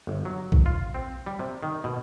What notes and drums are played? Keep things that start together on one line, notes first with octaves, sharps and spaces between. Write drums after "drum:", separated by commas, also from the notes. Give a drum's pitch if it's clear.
G1
F#3
drum: kick A#1
F4
C4
G3
C3
D#3
B2